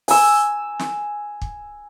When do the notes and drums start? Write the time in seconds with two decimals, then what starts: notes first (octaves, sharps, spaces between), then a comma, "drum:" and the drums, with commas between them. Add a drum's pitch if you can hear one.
0.08 G#5 E6, drum: open hi-hat
0.79 drum: snare
1.42 drum: kick